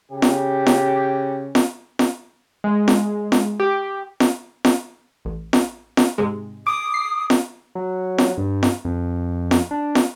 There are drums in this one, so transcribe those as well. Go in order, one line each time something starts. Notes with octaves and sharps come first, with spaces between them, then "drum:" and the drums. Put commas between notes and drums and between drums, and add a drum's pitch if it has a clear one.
C#3 G4
drum: snare
drum: snare
drum: snare
drum: snare
G#3
drum: snare
drum: snare
G4
drum: snare
drum: snare
A1
drum: snare
drum: snare
G#2 C3 G#3
D6 D#6
C7
drum: snare
F#3
drum: snare
G2
drum: snare
F2
drum: snare
D4
drum: snare